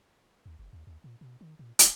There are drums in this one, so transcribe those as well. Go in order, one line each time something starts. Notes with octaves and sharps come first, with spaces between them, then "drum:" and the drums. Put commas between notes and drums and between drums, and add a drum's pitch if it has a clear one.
D#2
F#1
D#2
D#2
A#2
B2
D#3
A#2
D#1, drum: hi-hat